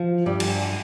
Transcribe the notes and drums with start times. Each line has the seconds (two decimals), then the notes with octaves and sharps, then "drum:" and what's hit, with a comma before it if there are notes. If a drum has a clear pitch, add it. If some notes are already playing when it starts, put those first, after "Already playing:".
Already playing: F3
0.26 G2 G3
0.40 drum: cymbal